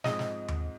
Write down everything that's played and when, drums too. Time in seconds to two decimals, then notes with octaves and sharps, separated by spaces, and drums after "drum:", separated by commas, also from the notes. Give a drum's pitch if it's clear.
0.04 G#2 F3 G#3 C4 D#5, drum: snare
0.19 drum: snare
0.48 drum: tom D#2